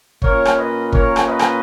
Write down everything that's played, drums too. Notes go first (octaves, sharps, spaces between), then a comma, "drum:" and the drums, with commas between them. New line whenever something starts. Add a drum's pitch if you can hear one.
A#2 A#3 C#4 A#4 C#5, drum: kick
drum: rim click
B4 D#5
A#4 C#5, drum: kick
drum: rim click
B4 D#5
drum: rim click